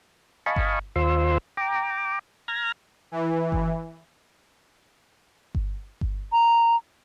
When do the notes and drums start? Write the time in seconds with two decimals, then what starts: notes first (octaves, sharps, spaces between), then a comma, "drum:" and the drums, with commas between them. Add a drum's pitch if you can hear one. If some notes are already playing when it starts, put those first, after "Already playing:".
0.46 D#5 F5 G#5 A5 B5 C#6
0.56 drum: kick G1
0.96 D#2 F4 C5 C6 E6
1.57 G5 A#5 D6
2.48 A#5 F6 G#6 A#6
3.12 E3
3.52 drum: kick G1
5.55 drum: kick G1
6.01 drum: kick G1
6.32 A#5